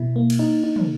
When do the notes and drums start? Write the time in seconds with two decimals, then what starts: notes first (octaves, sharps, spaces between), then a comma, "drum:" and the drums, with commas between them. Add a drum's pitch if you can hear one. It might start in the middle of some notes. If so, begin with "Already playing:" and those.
Already playing: B2 E4
0.16 A#3
0.30 drum: cymbal
0.39 D#4
0.64 D#4
0.76 drum: tom